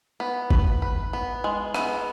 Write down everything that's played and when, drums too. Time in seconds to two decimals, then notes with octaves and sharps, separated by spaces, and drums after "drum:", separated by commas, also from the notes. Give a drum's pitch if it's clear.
0.20 B3
0.51 B4, drum: kick G1
0.82 B4
1.13 B3
1.44 G#3
1.74 B3, drum: rim click